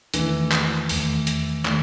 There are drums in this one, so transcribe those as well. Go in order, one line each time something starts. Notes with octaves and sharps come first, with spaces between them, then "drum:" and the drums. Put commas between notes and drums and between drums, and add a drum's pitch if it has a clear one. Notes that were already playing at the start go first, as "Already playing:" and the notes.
E2 D#3 E3 A3, drum: hi-hat
drum: clap
E2 D#3 A3, drum: open hi-hat
drum: hi-hat
D#3 A3, drum: clap